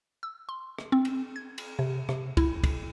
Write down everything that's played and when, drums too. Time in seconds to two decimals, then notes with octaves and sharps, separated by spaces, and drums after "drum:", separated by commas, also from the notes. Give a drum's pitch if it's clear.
0.23 E6
0.49 C6
0.79 drum: rim click
0.92 C4
1.05 drum: cymbal
1.36 G#6
1.58 drum: cymbal
1.79 C3
2.09 C3, drum: rim click
2.37 E4, drum: kick, cymbal
2.64 drum: kick, cymbal